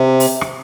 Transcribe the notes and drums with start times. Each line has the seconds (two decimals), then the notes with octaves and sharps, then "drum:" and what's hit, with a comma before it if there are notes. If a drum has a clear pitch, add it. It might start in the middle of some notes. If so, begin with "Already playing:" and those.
Already playing: C3
0.20 drum: open hi-hat
0.41 drum: rim click